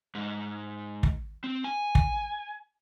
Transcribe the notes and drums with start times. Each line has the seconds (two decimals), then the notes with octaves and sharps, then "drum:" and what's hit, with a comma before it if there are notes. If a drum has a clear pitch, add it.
0.15 G#2
1.03 drum: kick
1.44 C4
1.64 G#5
1.95 drum: kick